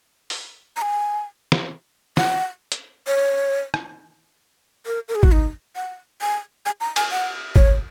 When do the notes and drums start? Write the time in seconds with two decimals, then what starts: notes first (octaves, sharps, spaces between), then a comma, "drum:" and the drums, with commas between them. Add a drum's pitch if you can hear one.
0.30 drum: open hi-hat
0.77 A#5
0.82 G#5
1.52 drum: snare
2.17 F#5, drum: snare
2.72 drum: hi-hat
3.07 C#5
3.74 drum: rim click
4.86 A#4
5.09 A#4
5.15 G#4
5.23 F#4, drum: kick G#1
5.32 D#4
5.76 F#5
6.21 G#5
6.66 G#5
6.80 A#5
6.96 G#5, drum: cymbal
7.11 F#5
7.56 C#5, drum: kick G#1